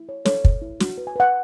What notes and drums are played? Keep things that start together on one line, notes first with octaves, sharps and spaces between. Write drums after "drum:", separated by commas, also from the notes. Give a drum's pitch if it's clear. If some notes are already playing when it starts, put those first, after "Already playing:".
Already playing: E4
C#5
A4 C#5, drum: snare
C#5, drum: kick
E4
F#4, drum: snare
B4
G#5
B4 F#5